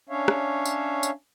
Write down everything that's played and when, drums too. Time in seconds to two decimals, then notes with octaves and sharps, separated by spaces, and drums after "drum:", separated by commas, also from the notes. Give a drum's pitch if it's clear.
0.09 C#4 D4 C#5 E5 F5
0.28 drum: rim click
0.65 drum: tambourine
1.03 drum: tambourine